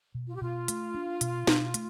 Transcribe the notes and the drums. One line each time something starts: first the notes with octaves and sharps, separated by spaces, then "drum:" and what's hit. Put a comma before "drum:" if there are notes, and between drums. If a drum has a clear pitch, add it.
B2
F4
G4
B2 F4
A3, drum: hi-hat
D4
B2, drum: hi-hat
B2, drum: snare
A3, drum: hi-hat